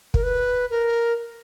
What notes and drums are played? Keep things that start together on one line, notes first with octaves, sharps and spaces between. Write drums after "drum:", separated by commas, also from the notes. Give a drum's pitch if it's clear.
A#4, drum: kick
B4
A#4